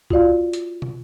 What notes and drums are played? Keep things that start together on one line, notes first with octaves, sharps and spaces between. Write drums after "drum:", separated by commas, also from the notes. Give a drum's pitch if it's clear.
F4 F#4 D5 F5, drum: kick B1
drum: hi-hat
drum: tom